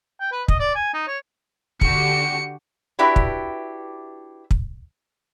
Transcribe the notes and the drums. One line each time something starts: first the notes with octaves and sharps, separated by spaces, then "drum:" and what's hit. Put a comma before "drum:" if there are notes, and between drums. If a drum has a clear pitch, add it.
G5
B4
D#5, drum: kick
D5
G#5
D#4
C#5
D3 F#4 G4 C#7, drum: kick
D4 E4 F#4 G4 B4 E5
drum: kick
drum: kick